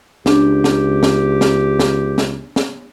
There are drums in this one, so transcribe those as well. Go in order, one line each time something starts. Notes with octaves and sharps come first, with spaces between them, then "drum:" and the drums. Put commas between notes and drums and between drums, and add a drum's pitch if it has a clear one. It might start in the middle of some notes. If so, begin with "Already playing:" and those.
C#2 D4 G4, drum: snare
drum: snare
drum: snare
drum: snare
drum: snare
drum: snare
drum: snare